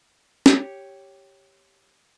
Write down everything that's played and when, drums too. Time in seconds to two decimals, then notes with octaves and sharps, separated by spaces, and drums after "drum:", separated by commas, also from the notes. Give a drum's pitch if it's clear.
0.46 G4 C#5, drum: snare C#4